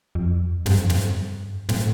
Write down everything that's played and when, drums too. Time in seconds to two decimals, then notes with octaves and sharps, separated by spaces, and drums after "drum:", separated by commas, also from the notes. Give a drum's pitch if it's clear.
0.15 F2
0.66 G2, drum: snare
0.78 F2
0.90 G2, drum: snare
1.69 A2, drum: snare